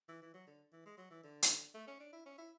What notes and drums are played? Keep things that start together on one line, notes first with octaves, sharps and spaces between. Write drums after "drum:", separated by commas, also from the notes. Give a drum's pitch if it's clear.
E3
E3
F#3
D3
E3
G#3
F#3
E3
D3
drum: hi-hat
A3
C#4
D4
E4
C#4
E4